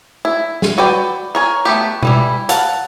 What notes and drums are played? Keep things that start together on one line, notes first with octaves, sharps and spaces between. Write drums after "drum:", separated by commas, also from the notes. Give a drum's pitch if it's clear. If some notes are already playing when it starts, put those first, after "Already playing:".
E4
drum: snare
F#4 B4 D5 G5
A#4 C#5 G#5
A3 B3 G4
E3 G3 E4, drum: tom B2
F5 F#5 A5, drum: hi-hat